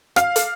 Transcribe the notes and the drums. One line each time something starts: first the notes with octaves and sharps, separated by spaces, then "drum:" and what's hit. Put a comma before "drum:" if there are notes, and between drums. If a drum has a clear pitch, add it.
F5, drum: rim click
drum: hi-hat